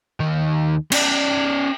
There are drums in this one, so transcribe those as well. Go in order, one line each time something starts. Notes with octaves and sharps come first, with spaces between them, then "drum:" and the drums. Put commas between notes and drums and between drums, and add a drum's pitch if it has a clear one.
D#2 D#3
C#4 D5, drum: cymbal